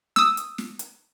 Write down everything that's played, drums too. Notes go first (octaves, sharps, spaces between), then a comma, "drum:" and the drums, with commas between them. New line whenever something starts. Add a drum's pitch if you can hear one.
D#6 E6, drum: snare
drum: hi-hat
drum: snare
drum: hi-hat